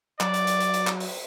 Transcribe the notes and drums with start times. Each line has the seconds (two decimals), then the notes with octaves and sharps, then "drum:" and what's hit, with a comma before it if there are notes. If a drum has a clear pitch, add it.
0.20 F#3 D5, drum: clap
0.34 drum: hi-hat
0.47 drum: hi-hat
0.60 drum: hi-hat
0.74 drum: hi-hat
0.87 drum: clap
1.00 drum: open hi-hat